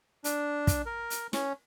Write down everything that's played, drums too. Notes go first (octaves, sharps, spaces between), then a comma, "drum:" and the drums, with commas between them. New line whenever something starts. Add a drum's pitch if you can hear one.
D4, drum: hi-hat
drum: kick, hi-hat
A#4
drum: hi-hat
C#4, drum: snare